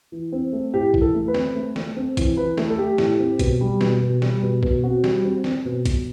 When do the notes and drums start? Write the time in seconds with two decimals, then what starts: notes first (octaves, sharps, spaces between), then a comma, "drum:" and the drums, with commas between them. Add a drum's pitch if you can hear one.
0.12 E3
0.32 C4
0.53 A3
0.73 A2 G4
0.94 E3, drum: kick
1.01 A4
1.14 A3
1.28 B4
1.34 C4, drum: snare
1.55 A3
1.76 A3, drum: snare
1.97 C4
2.17 E3, drum: kick, hi-hat
2.37 E3 B4
2.57 A3, drum: snare
2.70 A4
2.78 A3 G4
2.98 A2, drum: snare
3.19 C4
3.39 B2, drum: kick, hi-hat
3.61 G3
3.81 B2, drum: snare
4.02 B2
4.22 G3, drum: snare
4.42 B2
4.63 B2, drum: kick
4.83 C4 F#4
5.04 G3, drum: snare
5.24 C4
5.44 C4, drum: snare
5.65 B2
5.86 B2, drum: kick, hi-hat